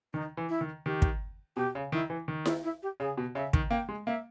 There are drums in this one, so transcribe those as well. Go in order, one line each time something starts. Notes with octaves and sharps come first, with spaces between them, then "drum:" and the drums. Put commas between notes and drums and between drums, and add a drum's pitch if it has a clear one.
D#3 D#4
E3
E4
D#3
D#3 G4
drum: kick
B2 G4
C#3
D#3 E4
E3
D#3
E4, drum: snare E4
E4
G4
C#3 G#4
B2
C#3 E5
D#3, drum: kick
A#3 G5
G#3
A#3 E5